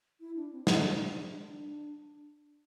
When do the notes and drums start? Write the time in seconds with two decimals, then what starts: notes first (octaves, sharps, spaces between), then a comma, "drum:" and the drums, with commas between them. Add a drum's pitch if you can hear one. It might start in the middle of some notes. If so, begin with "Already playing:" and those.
0.20 E4
0.35 D4
0.52 C4
0.67 D4, drum: snare
1.47 D4